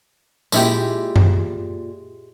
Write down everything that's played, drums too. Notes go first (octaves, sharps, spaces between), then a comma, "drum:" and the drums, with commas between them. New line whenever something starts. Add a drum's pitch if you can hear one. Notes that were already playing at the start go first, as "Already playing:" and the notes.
A#2 G#3 E4 G4, drum: tambourine
drum: tom F#2